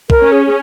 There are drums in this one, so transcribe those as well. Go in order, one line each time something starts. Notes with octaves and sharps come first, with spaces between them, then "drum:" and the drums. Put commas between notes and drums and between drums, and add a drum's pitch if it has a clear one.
A#4, drum: kick
C#4
G#4
G#4